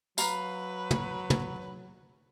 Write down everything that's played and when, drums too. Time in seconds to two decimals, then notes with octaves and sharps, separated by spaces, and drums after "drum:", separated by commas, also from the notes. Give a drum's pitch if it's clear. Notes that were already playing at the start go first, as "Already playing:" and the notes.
0.18 F#3 B4 F5 A#5 B5, drum: tambourine
0.91 drum: tom
1.30 drum: tom